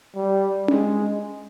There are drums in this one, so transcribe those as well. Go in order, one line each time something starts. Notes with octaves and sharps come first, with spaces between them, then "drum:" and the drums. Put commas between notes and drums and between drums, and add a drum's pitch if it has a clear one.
G3
G#3, drum: tom C#4